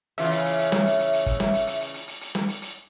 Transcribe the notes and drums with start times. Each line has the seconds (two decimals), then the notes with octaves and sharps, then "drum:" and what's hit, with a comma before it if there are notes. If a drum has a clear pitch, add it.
0.18 C#3 E3 F4 E5, drum: hi-hat
0.31 drum: hi-hat
0.45 drum: hi-hat
0.58 drum: hi-hat
0.72 drum: snare
0.86 drum: hi-hat
0.99 drum: hi-hat
1.13 drum: hi-hat
1.26 drum: kick G1, hi-hat
1.40 drum: snare
1.53 drum: hi-hat
1.67 drum: hi-hat
1.81 drum: hi-hat
1.94 drum: hi-hat
2.08 drum: hi-hat
2.21 drum: hi-hat
2.35 drum: snare
2.48 drum: hi-hat
2.62 drum: hi-hat